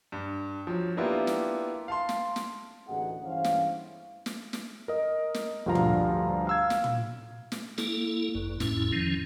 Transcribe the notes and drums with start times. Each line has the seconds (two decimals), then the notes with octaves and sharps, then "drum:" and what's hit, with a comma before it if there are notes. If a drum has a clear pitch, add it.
0.12 G2
0.67 F3 F#3
0.97 A#3 B3 D4 E4 F4 G4
1.27 drum: snare
1.88 F5 A5 C6
2.09 drum: snare
2.36 drum: snare
2.88 A1 D2 D#4 G#4 F#5
3.24 G2 E3 C#4 E4 C5 F5
3.44 drum: snare
4.26 drum: snare
4.53 drum: snare
4.88 A#4 D#5
5.34 drum: snare
5.66 D2 G2 D3 F3 F5 A#5
5.75 drum: tom
6.47 F5 E6 G#6
6.70 drum: snare
6.84 drum: tom
7.52 drum: snare
7.78 A#3 E4 A4, drum: snare
8.35 G1 F#2
8.60 F2 A2 C#4 E4, drum: snare
8.92 D#3 F3 C#4